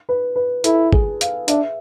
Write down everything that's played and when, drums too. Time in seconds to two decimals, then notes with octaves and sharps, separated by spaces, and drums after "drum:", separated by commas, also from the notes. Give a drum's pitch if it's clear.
0.09 B4
0.36 B4
0.64 E4 A4, drum: hi-hat
0.92 G#4, drum: kick
1.21 F5, drum: hi-hat
1.48 D4 E5, drum: hi-hat